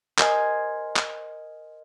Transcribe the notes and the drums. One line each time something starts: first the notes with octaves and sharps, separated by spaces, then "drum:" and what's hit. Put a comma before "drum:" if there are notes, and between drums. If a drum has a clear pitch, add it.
A#4 C5 D#5 G#5, drum: clap
drum: clap